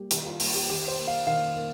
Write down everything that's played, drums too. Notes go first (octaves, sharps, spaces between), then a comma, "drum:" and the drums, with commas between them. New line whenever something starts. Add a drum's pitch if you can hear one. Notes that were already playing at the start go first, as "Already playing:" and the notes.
Already playing: G3 A#3 G4
D#3 G4, drum: hi-hat
F4
G3 A#3 F4, drum: open hi-hat
G4
D#3 G4
C5
A#3
F5
D#3 F5
A#3